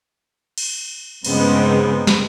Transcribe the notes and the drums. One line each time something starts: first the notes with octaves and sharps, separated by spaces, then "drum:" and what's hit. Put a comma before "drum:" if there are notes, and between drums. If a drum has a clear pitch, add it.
drum: cymbal
G2 C#3 G#3 B3 C4 D#4, drum: cymbal
drum: snare